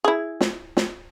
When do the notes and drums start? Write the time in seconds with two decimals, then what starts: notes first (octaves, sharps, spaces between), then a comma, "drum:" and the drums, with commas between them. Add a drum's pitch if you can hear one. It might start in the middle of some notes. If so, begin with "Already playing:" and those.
0.04 E4 G#4
0.41 drum: snare
0.77 drum: snare